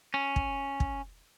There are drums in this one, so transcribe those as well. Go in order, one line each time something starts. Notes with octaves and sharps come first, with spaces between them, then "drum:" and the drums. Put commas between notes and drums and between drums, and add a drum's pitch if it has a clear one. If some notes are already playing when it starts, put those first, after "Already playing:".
C#4
drum: kick
drum: kick